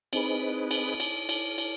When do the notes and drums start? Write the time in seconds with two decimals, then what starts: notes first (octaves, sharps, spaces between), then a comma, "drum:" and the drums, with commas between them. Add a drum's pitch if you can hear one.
0.13 C4 D#4 G#4 B4, drum: cymbal
0.71 drum: cymbal
1.00 drum: cymbal
1.29 drum: cymbal
1.58 drum: cymbal